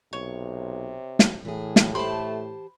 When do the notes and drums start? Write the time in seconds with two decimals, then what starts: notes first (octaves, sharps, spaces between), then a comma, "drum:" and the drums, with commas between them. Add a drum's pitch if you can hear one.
0.13 B1 C3 C#5
1.19 drum: snare
1.45 A2 E3 G#4
1.76 drum: snare
1.95 A3 G4 C5 A5 B5 C6